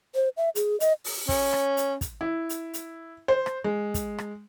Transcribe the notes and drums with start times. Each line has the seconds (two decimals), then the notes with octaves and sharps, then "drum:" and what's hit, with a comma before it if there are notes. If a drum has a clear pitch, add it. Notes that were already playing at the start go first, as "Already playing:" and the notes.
0.15 C5
0.37 E5
0.55 G#4, drum: hi-hat
0.80 D#5, drum: hi-hat
1.04 drum: open hi-hat
1.29 C#4, drum: kick, open hi-hat
1.53 drum: rim click
1.77 drum: hi-hat
2.01 drum: kick, hi-hat
2.21 E4
2.49 drum: hi-hat
2.74 drum: hi-hat
3.28 C5
3.46 drum: rim click
3.64 G#3
3.94 drum: kick, hi-hat
4.18 drum: rim click